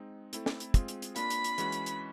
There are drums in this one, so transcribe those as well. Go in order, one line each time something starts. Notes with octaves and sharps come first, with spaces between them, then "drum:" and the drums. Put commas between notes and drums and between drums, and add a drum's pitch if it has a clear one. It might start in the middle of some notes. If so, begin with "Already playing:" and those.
Already playing: G#3 C4 D#4
A3 C4 E4 A4, drum: hi-hat
drum: snare
drum: hi-hat
G#3 C4 F4 G#4, drum: kick, hi-hat
drum: hi-hat
drum: hi-hat
A#3 D4 F4 B5, drum: hi-hat
drum: hi-hat
drum: hi-hat
E3 G#3 C#4 F#4, drum: hi-hat
drum: hi-hat
drum: hi-hat